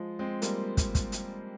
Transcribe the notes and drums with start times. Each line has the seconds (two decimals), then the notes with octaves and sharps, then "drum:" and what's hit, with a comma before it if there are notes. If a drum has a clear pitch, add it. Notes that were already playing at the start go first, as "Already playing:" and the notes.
Already playing: F3 G#3
0.19 G#3 C4
0.42 G3 A#3, drum: hi-hat
0.77 drum: kick, hi-hat
0.95 drum: kick, hi-hat
1.12 drum: hi-hat